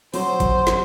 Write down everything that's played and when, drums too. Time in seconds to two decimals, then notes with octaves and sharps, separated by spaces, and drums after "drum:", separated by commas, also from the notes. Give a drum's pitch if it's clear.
0.14 F#3 C5, drum: open hi-hat
0.40 drum: kick G#1, hi-hat
0.67 drum: snare